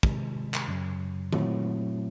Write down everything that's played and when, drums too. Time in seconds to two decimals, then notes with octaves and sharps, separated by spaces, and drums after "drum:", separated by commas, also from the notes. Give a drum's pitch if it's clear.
0.03 C3 D#3 G#3, drum: kick
0.54 drum: clap
0.68 F#2 C#3 F#3
1.33 A#2 F#3 A3 C4 E4, drum: tom D#3